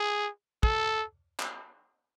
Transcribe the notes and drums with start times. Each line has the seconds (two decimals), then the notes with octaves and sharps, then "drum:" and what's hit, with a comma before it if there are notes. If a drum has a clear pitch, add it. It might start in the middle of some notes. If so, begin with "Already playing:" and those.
Already playing: G#4
0.63 A4, drum: kick
1.40 drum: clap